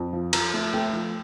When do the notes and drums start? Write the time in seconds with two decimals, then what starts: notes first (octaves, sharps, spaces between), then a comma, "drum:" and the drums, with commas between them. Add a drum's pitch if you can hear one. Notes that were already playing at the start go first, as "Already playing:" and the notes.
Already playing: F2
0.13 F3
0.33 F3 A#5, drum: cymbal
0.54 A3
0.74 A3 G5
0.93 F3